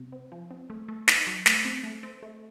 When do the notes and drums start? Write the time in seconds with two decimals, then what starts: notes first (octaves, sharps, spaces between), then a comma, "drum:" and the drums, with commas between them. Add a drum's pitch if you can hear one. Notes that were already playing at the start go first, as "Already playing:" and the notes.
Already playing: C3
0.12 C4
0.32 F3
0.51 C4
0.70 A3
0.88 A3
1.08 D#4, drum: snare
1.27 F#3
1.46 A3, drum: snare
1.65 C4
1.83 A3
2.03 C4
2.23 A3